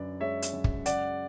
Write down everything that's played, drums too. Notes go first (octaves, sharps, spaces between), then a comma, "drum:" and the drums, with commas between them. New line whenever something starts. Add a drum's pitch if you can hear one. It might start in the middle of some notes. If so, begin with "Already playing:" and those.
Already playing: F#2 D3 B4 D5
G#3 C#5 E5
drum: hi-hat
F#2
drum: kick
C#3 D5 F#5, drum: hi-hat